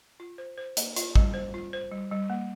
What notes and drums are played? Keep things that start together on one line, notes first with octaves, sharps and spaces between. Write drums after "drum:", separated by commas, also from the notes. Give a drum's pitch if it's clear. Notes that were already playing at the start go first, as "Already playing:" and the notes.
F4
C5
C5
A#3, drum: hi-hat
F4, drum: hi-hat
G3, drum: kick A1
C5
F4
C5
G3
G3
A#3